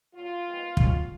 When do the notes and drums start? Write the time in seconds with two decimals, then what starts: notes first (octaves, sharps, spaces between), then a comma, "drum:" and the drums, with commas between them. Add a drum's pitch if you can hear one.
0.15 A#2 F#3 A#3 F4
0.46 F2 D#3 G#3 B3
0.77 D#2 C#3 F#3 C#4, drum: kick